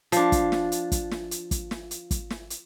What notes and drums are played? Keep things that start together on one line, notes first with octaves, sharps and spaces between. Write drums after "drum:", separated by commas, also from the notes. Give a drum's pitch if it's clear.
F3 D4, drum: hi-hat
drum: kick, hi-hat
drum: snare
drum: hi-hat
drum: kick, hi-hat
drum: snare
drum: hi-hat
drum: kick, hi-hat
drum: snare
drum: hi-hat
drum: kick, hi-hat
drum: snare
drum: hi-hat